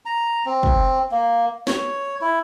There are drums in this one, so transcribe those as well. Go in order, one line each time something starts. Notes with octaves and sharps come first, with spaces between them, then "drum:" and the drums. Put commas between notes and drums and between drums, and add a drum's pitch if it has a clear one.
A#5
C4
drum: kick
A#3
C#5, drum: snare
E4